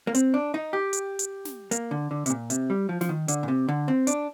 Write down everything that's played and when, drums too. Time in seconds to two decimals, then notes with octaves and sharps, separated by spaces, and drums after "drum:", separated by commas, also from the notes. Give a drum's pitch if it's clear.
0.07 A#3
0.14 C4, drum: hi-hat
0.34 D4
0.54 D#4
0.73 G4
0.93 drum: hi-hat
1.19 drum: hi-hat
1.45 drum: snare
1.71 A#3, drum: hi-hat
1.91 D3
2.11 D3
2.26 C3, drum: hi-hat
2.30 A#2
2.50 C3, drum: hi-hat
2.70 G3
2.89 F3
3.01 F3, drum: snare
3.09 D#3
3.28 D3, drum: hi-hat
3.43 A#2
3.48 C3
3.68 D3
3.88 C4
4.07 D4, drum: hi-hat